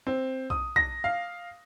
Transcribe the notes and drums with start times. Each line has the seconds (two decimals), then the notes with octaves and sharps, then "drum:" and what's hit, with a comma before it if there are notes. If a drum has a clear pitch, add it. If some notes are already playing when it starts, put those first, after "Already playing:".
0.07 C4
0.50 D#6, drum: kick
0.76 A#6, drum: kick
1.04 F5